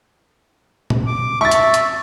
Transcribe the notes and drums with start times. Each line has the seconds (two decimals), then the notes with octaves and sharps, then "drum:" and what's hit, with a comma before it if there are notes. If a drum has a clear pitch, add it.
0.90 drum: tom A#2
1.07 D6
1.41 E5 C#6 A6
1.51 drum: hi-hat
1.74 drum: hi-hat